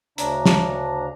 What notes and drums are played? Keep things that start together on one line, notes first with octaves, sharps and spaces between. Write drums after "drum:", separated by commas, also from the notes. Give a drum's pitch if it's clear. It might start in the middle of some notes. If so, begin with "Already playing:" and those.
D2 C#3 D4 A#5, drum: hi-hat
drum: snare